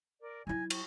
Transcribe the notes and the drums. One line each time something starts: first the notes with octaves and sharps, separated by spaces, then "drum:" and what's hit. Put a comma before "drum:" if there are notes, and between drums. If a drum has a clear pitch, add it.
A#4 D5
F#3 D#4 E4 G#5 G#6
C#6, drum: cymbal